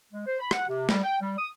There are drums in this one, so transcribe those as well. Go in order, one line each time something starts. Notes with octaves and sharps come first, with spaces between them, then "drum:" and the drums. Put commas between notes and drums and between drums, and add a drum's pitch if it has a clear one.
G#3
C5
B5
F#5, drum: rim click
C3
G3, drum: snare
G5
G3
D#6